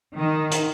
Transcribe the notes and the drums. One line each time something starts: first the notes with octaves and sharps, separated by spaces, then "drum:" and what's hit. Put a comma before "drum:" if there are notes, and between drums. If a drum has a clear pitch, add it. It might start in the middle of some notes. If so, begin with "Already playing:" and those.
D#3
drum: hi-hat